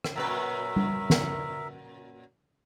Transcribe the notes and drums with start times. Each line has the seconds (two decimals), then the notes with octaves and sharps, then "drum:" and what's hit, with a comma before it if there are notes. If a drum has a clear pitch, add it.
0.04 drum: rim click
0.16 F#2 A#2 A#4 B4 E5
0.76 drum: tom G3
1.10 drum: snare